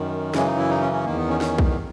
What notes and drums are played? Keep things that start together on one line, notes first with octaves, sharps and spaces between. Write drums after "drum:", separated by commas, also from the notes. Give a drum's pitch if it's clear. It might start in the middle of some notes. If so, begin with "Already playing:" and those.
Already playing: F#2 D#3
F#2 C#3 E3 G#3, drum: snare
D#4
E4
D#4
C#4
C#4
E2 D#3 A#3
B3
C#4
C#4, drum: snare
drum: kick B1